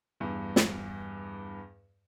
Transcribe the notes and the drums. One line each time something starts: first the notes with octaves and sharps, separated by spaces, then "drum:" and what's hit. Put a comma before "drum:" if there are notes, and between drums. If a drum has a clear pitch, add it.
E2 G2
drum: snare